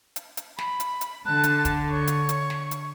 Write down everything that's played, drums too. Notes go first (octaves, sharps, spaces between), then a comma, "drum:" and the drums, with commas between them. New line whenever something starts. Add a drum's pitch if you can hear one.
drum: hi-hat
drum: hi-hat
B5, drum: snare
drum: hi-hat
drum: hi-hat
D3 A5 F#6
drum: hi-hat
drum: kick, hi-hat
C#5 C#6
drum: hi-hat
drum: hi-hat
drum: snare
drum: hi-hat